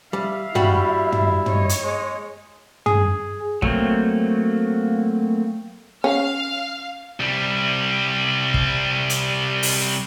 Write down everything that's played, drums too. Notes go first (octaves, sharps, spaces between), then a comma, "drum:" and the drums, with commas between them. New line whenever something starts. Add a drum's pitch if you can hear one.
G3 E5 F5
G3 E4 F#4, drum: tom
drum: tom
C#5 D#5, drum: tom
drum: hi-hat
G#3
G#4, drum: tom
F#3 A3 A#3 C4, drum: kick
C#4 F5
C2 G3
drum: kick
drum: hi-hat
drum: open hi-hat